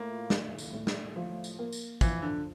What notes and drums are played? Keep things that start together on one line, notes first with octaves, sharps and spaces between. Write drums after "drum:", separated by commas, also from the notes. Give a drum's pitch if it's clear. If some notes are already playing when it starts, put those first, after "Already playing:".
Already playing: A2 A#3 F4
A2, drum: snare
drum: tambourine
A2
drum: snare
F3
drum: tambourine
A#3
drum: tambourine
E3 F3, drum: kick, tambourine
D3